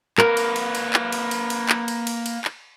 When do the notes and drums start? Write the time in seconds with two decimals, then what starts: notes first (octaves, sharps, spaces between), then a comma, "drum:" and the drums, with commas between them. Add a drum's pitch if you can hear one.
0.18 A#3 A#4 B4, drum: clap
0.37 drum: cymbal
0.56 drum: cymbal
0.75 drum: cymbal
0.94 drum: clap
1.12 drum: cymbal
1.31 drum: cymbal
1.50 drum: cymbal
1.69 drum: clap
1.88 drum: cymbal
2.07 drum: cymbal
2.26 drum: cymbal
2.45 drum: clap